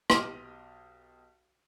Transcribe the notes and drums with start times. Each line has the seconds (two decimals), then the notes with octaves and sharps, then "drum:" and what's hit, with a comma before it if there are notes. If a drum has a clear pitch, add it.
0.10 B1 G4 D#5 D6 F6 D#7, drum: rim click